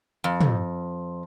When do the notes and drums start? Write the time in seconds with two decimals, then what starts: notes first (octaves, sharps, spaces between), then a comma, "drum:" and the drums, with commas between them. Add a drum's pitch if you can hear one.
0.24 F2
0.41 drum: tom